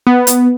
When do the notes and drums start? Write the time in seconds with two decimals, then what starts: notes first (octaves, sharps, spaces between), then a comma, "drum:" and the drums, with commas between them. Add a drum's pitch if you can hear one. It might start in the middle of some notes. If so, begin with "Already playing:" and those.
0.07 B3
0.27 drum: hi-hat